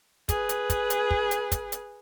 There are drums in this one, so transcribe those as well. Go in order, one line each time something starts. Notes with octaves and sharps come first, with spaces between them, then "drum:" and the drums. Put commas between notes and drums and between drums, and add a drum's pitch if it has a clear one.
G#4 B4, drum: kick, hi-hat
drum: hi-hat
drum: kick, hi-hat
drum: hi-hat
drum: kick
drum: hi-hat
drum: kick, hi-hat
drum: hi-hat